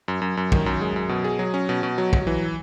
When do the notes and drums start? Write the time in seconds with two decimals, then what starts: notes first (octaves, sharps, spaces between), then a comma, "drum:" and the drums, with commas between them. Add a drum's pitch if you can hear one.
0.08 F#2
0.22 F#2
0.37 F#2
0.52 D#3, drum: kick
0.66 F#2
0.81 G#3
0.96 F#2
1.09 B2
1.24 G#4
1.39 F#3
1.54 C#4
1.69 B2
1.83 B2
1.98 F#3
2.13 F#3, drum: kick
2.27 E3